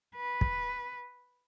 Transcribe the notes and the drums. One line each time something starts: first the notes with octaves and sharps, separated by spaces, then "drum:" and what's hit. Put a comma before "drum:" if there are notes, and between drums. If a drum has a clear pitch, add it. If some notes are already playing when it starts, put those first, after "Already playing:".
B4
drum: kick